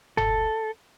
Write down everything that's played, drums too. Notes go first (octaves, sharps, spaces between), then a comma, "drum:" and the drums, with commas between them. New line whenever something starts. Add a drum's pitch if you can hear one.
A4, drum: tom F#1